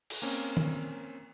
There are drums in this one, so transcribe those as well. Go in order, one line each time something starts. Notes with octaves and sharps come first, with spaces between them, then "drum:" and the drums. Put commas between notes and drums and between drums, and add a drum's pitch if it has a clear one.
drum: cymbal
A#3 C4 C#4
drum: tom D#3